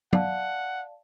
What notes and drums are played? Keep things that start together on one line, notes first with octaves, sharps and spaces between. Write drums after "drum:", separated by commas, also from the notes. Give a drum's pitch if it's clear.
D5 F5 F#5 A5, drum: tom